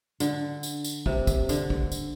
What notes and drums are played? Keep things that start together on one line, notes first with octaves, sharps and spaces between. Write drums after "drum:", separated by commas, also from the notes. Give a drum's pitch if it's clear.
D3, drum: tambourine
drum: tambourine
drum: tambourine
C3, drum: kick
drum: kick, tambourine
D3, drum: tambourine
drum: kick
drum: tambourine